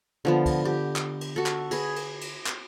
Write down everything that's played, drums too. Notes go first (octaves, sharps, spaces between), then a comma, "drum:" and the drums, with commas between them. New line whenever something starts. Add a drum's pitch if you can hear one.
D3 F3 B3
drum: kick, cymbal
G4
drum: clap
drum: cymbal
F#4 A4
drum: clap
G#4 B4, drum: cymbal
drum: cymbal
drum: cymbal
drum: clap